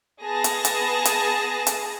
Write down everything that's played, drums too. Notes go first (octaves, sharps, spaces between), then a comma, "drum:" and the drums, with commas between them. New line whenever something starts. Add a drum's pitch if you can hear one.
B3 G#4 A5 A#6
drum: hi-hat
drum: hi-hat
drum: hi-hat
drum: hi-hat